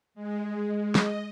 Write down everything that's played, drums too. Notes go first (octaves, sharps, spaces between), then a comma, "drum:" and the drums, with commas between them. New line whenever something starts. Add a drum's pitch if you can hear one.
G#3
G#3
D#5, drum: snare